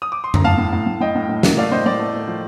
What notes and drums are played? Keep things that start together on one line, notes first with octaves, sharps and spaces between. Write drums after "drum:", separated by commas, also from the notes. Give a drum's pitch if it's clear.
D#6
D6
C6
A#5, drum: tom F2
A2 F5 A5
A2
A2
A2
A2 D#5 G5
A2
A2
A#3, drum: snare
A3 D5 F5
A2 C5 D#5
A2 D5
A3
A3
F3